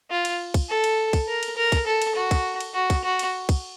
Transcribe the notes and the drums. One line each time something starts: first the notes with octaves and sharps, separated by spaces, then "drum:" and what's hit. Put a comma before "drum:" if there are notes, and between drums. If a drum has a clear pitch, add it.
F4
drum: cymbal
drum: kick, cymbal
A4
drum: cymbal
drum: kick, cymbal
A#4
drum: cymbal
A#4
drum: kick, cymbal
A4
drum: cymbal
F#4
drum: kick, cymbal
drum: cymbal
F#4
drum: kick, cymbal
F#4
drum: cymbal
drum: kick, cymbal